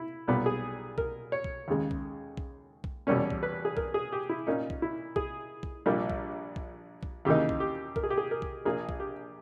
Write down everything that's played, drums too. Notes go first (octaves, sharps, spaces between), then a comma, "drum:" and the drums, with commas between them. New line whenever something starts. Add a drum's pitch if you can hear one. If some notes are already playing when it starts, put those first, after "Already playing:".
Already playing: E4
B1 A#2 G3 B3 G4
G#4
A#4, drum: kick B1
C#5
drum: kick B1
D#2 C#3 G#3
drum: kick B1
drum: kick B1
drum: kick B1
E2 B2 G3 A#3 C#4 C#5
drum: kick B1
B4
G#4
A#4, drum: kick B1
G#4
G4
E4
A#2 A#3 C#4 D#4
drum: kick B1
E4
G#4, drum: kick B1
drum: kick B1
A#1 A#2 G3 A#4
drum: kick B1
drum: kick B1
drum: kick B1
D#2 C#3 E3 A#3 D#4 G4
drum: kick B1
G4
A#4, drum: kick B1
G#4
G4
G#4
A#4
drum: kick B1
A#1 A#2 A#3 G#4
drum: kick B1
G4